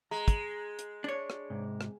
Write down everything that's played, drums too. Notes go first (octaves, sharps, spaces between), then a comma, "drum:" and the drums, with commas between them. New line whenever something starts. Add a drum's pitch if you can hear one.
G#3 A#5
drum: kick, hi-hat
drum: hi-hat
D4 C#5
drum: rim click
G#2 C3
drum: rim click